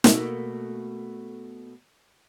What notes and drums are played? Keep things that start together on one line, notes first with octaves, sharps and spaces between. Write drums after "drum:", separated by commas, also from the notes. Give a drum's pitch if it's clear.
B2 A3 A#3, drum: snare